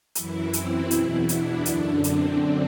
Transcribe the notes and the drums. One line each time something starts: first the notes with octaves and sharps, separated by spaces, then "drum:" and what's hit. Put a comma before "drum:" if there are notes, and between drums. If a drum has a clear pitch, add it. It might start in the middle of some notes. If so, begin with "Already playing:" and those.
F#2 E3 E4, drum: hi-hat
C4, drum: hi-hat
E2 B2 E4, drum: hi-hat
D4, drum: hi-hat
F#2 D3, drum: hi-hat
C4, drum: hi-hat